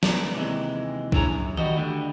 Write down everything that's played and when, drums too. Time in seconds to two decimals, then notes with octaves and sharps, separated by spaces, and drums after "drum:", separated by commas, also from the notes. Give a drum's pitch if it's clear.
0.03 G#3 B3 A#4 D5, drum: snare
0.33 D#2 C3 E3 G#3
1.12 D4 E4 G#4 C#5 A5 A#5, drum: kick
1.30 F#2
1.57 G3 F#4 D#5, drum: tom D#3
1.75 D2 D3 G3